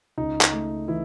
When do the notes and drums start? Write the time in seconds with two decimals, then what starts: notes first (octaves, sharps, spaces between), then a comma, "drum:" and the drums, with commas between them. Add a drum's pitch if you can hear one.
0.18 C#2 D#4
0.41 drum: clap
0.52 A3
0.88 E3 E4